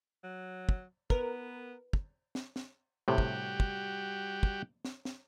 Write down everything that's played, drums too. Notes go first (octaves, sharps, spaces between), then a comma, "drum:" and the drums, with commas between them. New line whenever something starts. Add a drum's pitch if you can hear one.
F#3
drum: kick
B3 A#4 B4, drum: kick
drum: kick
drum: snare
drum: snare
A2 C3 G3 F#4 G4
drum: kick
drum: kick
drum: kick
drum: snare
drum: snare